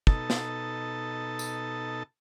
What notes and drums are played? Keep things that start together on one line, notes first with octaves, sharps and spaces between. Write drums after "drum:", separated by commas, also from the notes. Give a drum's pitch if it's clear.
B2 D#4 A4 A5, drum: kick
drum: snare
drum: tambourine